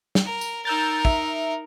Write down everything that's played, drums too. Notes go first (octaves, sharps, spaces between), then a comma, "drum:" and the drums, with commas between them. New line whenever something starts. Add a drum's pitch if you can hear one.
drum: snare
A#4
drum: tambourine
D#4 A#4 E6 G6 A6
E5, drum: kick